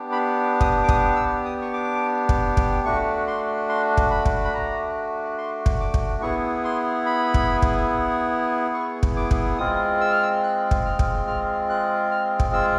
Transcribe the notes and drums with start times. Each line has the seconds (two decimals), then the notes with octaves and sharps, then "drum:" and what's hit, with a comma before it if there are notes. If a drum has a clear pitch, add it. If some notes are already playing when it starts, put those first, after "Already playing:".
Already playing: B3 D4 G4
0.12 B5
0.61 D#6, drum: kick
0.84 D6
0.89 D#6, drum: kick
1.16 E6
1.45 D#6
1.62 C#6
1.73 D6
2.29 drum: kick
2.57 drum: kick
2.85 A3 D4 F#4 C#6
3.28 C6
3.69 C6
3.97 drum: kick
4.11 B5
4.26 drum: kick
4.45 B5
4.54 A#5
5.38 C6
5.66 drum: kick
5.80 D6
5.94 drum: kick
6.22 B3 E4 G#4 C#6
6.64 C6
7.06 B5
7.34 drum: kick
7.62 drum: kick
8.74 C#6
9.03 drum: kick
9.16 D6
9.31 drum: kick
9.58 G#3 C4 F4 G#4 D#6
10.01 E6
10.12 F6
10.23 E6
10.43 F#6
10.71 drum: kick
10.85 F6
10.99 drum: kick
11.27 F6
11.70 F#6
12.11 F6
12.40 drum: kick
12.53 E6